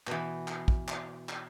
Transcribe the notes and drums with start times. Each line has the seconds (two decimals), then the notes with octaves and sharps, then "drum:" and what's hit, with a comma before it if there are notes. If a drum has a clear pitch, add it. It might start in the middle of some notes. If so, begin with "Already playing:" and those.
0.07 B2 E3, drum: clap
0.48 drum: clap
0.68 drum: kick
0.88 drum: clap
1.29 drum: clap